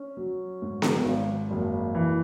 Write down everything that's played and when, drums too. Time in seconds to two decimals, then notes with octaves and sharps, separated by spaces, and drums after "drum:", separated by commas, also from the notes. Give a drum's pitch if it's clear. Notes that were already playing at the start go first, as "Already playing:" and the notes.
Already playing: C#4
0.17 F#3
0.62 G#2
0.82 drum: snare B3
1.05 G#1
1.51 F#1
1.95 E3